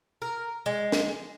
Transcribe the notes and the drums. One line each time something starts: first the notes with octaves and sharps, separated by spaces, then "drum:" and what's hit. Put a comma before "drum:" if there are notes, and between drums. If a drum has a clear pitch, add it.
A#4
G#3
drum: snare